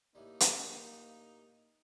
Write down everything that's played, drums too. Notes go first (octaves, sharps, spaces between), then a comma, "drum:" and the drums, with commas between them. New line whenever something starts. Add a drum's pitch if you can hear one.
A2 E3 G3 A#3 D#4
drum: hi-hat